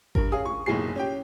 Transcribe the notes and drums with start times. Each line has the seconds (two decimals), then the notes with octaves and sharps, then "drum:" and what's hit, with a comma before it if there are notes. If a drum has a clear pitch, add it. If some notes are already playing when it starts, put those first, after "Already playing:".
0.15 G2 A#4, drum: kick G#1
0.32 C#4 G#4 F5 D#6
0.45 C#6
0.66 F#1 B1 A2 G#4 C7
0.95 C#4 G4 G5